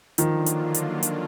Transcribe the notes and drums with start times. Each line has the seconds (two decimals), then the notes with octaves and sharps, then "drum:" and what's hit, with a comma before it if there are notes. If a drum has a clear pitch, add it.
0.18 D3 D#3 F3 F#3 A#3 D4 F4, drum: hi-hat
0.46 drum: hi-hat
0.74 drum: hi-hat
1.03 drum: hi-hat